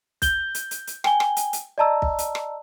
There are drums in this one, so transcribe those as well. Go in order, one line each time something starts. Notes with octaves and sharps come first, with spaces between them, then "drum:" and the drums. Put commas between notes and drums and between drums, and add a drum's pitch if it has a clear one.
G6 G7, drum: kick, hi-hat
drum: hi-hat
drum: hi-hat
drum: hi-hat
G5 G#5 G7, drum: rim click
drum: rim click
drum: hi-hat
drum: hi-hat
D5 D#5 A5 A#5 E6
drum: kick
drum: hi-hat
drum: rim click